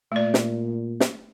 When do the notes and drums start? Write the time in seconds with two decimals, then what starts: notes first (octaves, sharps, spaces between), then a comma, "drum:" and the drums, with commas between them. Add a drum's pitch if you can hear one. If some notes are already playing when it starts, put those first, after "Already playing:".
0.12 A#2 A3 D5
0.34 drum: snare
1.00 drum: snare